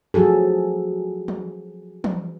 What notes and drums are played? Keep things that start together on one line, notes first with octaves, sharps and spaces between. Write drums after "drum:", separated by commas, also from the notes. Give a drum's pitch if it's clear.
F3 F#3 F#4 G#4 A4
drum: tom
drum: tom